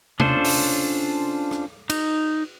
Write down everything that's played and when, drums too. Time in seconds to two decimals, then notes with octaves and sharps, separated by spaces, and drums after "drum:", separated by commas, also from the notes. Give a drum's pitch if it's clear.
0.20 C#4 D4 F4 A4 C5, drum: tom C3
0.44 drum: open hi-hat
1.51 drum: rim click
1.90 D#4, drum: cymbal